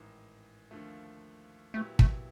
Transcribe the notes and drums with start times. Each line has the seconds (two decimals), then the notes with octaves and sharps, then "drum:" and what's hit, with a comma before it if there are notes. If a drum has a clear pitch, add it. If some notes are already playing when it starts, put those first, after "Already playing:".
Already playing: A1 G#2 D#3
0.71 D#2 D3 F3 A3
1.74 A#2 F#3 A3 B3 E4 G4
1.99 A3, drum: kick